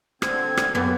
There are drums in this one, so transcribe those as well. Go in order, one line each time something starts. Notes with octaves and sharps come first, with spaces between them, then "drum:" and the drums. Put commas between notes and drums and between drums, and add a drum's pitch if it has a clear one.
D3 C4 G#6, drum: rim click
drum: rim click
F#2 A#3 B3 G4